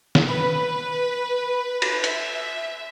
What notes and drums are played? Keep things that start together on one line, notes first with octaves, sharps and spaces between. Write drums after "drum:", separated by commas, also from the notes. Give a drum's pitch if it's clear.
drum: snare
B4
drum: cymbal
E5, drum: hi-hat